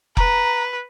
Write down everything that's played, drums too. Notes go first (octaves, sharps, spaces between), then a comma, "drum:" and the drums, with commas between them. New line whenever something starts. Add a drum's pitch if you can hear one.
B4 A#5, drum: kick F1